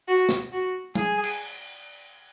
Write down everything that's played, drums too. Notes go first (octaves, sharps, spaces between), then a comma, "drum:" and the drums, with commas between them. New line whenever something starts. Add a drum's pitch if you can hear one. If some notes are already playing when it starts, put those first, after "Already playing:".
F#4
drum: snare
F#4
G#4, drum: tom G3
drum: cymbal